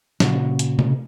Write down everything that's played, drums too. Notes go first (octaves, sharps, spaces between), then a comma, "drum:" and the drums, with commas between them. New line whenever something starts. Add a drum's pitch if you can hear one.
A#2 C#3 F#4, drum: snare
drum: hi-hat
drum: tom C3